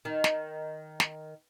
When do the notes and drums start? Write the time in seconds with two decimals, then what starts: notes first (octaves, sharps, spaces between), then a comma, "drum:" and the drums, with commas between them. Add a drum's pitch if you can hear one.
0.05 D#3
0.24 drum: snare
1.00 drum: snare